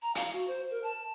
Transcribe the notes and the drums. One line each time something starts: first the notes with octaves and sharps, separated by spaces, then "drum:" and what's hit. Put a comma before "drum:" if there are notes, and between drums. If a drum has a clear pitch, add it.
A#5
F5, drum: hi-hat
F#4
C5
A#4
A5